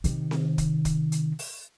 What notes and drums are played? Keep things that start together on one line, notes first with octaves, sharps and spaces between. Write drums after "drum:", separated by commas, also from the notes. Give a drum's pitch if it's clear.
C3 D#3, drum: hi-hat
drum: snare C4
drum: kick, hi-hat
drum: kick, hi-hat
drum: hi-hat
drum: open hi-hat